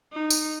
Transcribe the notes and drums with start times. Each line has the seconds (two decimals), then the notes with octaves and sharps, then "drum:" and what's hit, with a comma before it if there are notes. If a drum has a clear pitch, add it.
0.12 D#4
0.30 drum: tambourine